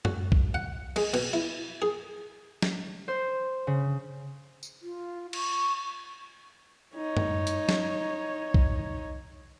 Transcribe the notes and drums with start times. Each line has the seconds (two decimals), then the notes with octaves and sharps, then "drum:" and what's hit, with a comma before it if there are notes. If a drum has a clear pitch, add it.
0.05 F#4, drum: tom F#2
0.32 drum: kick B1
0.54 F#5
0.96 G#3, drum: cymbal
1.14 B2, drum: cymbal
1.33 E4
1.82 G#4
2.62 drum: snare
3.08 C5
3.67 C#3
4.63 drum: tambourine
4.82 F4
5.33 C#6, drum: cymbal
6.96 D#4 C#5
7.17 drum: tom F#2
7.47 drum: hi-hat
7.69 drum: snare
8.54 drum: kick B1